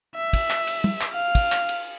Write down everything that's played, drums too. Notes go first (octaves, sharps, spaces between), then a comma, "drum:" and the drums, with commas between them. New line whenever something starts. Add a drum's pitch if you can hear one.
E5
drum: kick, cymbal
drum: clap
drum: cymbal
drum: tom
drum: clap
F5
drum: kick, cymbal
drum: clap
drum: cymbal